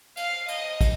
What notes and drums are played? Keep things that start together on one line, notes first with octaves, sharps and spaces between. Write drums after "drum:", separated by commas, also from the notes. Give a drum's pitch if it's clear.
F5, drum: cymbal
D#5, drum: cymbal
drum: kick, cymbal